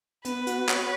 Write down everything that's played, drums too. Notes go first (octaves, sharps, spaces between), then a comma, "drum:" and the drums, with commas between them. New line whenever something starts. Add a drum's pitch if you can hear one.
B3 B4, drum: hi-hat
F#4, drum: hi-hat
C#5, drum: clap